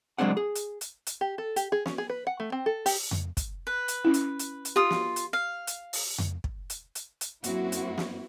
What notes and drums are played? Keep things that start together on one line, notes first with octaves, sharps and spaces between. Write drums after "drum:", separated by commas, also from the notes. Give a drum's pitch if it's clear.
C#2 F#3 G#3 C4 D4 F#5
G#4
drum: hi-hat
drum: hi-hat
drum: hi-hat
G4
A4
G4, drum: hi-hat
G#4
C#4, drum: snare
G#4
B4
F#5
A3
C4
A4
G4, drum: open hi-hat
drum: tom F2
drum: kick, hi-hat
B4
drum: hi-hat
C#4 E4
drum: hi-hat
drum: hi-hat
drum: hi-hat
F4 G4 D#6
drum: snare
drum: hi-hat
F5
drum: hi-hat
drum: open hi-hat
drum: tom F2
drum: kick
drum: hi-hat
drum: hi-hat
drum: hi-hat
F#2 A#3 C4 E4 F#4, drum: hi-hat
drum: hi-hat
drum: snare